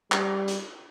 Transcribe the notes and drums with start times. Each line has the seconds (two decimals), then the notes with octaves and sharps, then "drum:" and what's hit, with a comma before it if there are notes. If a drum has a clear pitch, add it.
0.12 G3, drum: clap
0.48 drum: hi-hat